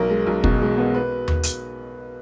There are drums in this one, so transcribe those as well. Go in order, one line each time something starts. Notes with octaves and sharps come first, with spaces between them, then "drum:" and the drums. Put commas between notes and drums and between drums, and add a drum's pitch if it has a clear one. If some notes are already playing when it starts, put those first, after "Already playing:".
Already playing: B1 A#4
G#3
B1
B2, drum: kick
G#3
B3
B4
drum: tom D#2
drum: hi-hat